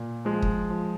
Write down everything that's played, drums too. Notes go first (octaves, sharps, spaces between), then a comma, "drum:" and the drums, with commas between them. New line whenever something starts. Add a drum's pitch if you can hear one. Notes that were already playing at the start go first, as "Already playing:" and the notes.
Already playing: A#2
F3 G#3
drum: kick
F3